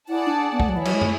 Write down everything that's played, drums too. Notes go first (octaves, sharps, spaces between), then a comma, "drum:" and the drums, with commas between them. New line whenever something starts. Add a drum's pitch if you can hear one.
E4 G#4 D5 F#5 A5
D4
B3
A3, drum: kick
F#3
E3 E4 G#4 C#5
F#3, drum: cymbal
G#3
A3, drum: tom